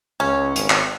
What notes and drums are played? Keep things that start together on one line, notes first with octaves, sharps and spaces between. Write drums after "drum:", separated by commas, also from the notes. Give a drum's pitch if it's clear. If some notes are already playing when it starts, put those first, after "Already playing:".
C#2 C#4
G#1, drum: hi-hat
drum: clap